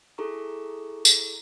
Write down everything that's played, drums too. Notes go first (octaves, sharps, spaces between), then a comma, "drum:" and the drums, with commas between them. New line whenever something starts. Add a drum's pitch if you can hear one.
E4 G#4 A4 A#5 C#6
drum: tambourine